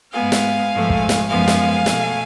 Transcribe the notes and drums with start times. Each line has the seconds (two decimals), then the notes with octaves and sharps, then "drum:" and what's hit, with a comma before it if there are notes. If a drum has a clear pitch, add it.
0.12 G#2 G#3 B3 F5 G#5
0.32 drum: snare
0.71 G#2 F3 A3
0.90 drum: kick
1.09 drum: snare
1.28 F#2 F3 G#3 B3 F5 G#5
1.48 drum: snare
1.86 B2 A3, drum: snare